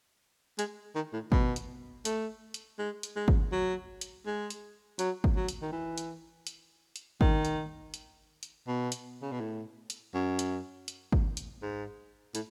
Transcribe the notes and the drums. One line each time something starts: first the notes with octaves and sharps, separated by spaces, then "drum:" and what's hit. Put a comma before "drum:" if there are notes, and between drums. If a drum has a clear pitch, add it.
G#3, drum: hi-hat
D#3
A2
B2, drum: kick G#1
drum: hi-hat
A3, drum: hi-hat
drum: hi-hat
G#3
drum: hi-hat
G#3
drum: kick G#1
F#3
drum: hi-hat
G#3
drum: hi-hat
F#3, drum: hi-hat
drum: kick G#1
F#3
drum: hi-hat
D#3
E3
drum: hi-hat
drum: hi-hat
drum: hi-hat
D#3, drum: kick G#1
drum: hi-hat
drum: hi-hat
drum: hi-hat
B2
drum: hi-hat
C#3
B2
A2
drum: hi-hat
F#2
drum: hi-hat
drum: hi-hat
drum: kick G#1
drum: hi-hat
G#2
A2, drum: hi-hat